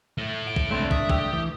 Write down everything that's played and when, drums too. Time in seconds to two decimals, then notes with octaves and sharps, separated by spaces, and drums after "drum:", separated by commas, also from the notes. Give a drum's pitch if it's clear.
0.18 A3 E4
0.47 F#2 D7
0.56 drum: kick
0.71 C3 G#3 A3 C4 D4 E4
0.91 E5 D#6, drum: kick
1.10 G4 E5 G5 E6, drum: kick
1.33 E3